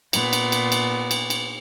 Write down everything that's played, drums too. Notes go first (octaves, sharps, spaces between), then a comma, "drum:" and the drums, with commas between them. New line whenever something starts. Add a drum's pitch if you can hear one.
A#2 B3, drum: cymbal
drum: cymbal
drum: cymbal
drum: cymbal
drum: cymbal
drum: cymbal